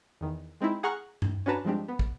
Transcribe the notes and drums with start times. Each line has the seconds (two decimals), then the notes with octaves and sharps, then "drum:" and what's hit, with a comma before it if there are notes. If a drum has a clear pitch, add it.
0.21 E2 D#3
0.61 G#3 C4 D#4 E4
0.83 G#4 F#5 A#5 C#6 F6 F#6
1.22 drum: tom G2
1.46 C#4 D4 F#4 B4 A5 A#5
1.65 F3 G3 G#3 C4 D4 G4
1.88 B3
1.99 drum: kick